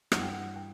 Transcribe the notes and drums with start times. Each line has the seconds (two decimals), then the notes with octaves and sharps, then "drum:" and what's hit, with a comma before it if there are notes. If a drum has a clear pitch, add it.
0.12 G2 E3 G3 F#5, drum: rim click
0.22 G5
0.33 F#5
0.56 G5